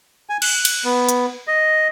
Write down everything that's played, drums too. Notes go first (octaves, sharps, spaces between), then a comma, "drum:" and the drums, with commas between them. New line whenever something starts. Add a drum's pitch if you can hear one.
G#5
F#6, drum: cymbal
drum: cymbal
B3
drum: hi-hat
D#5